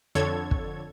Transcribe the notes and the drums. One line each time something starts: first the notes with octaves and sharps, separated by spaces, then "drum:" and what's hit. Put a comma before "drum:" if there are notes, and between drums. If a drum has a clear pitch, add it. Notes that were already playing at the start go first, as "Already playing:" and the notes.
F2 D3 A4 C#5 G#6
drum: kick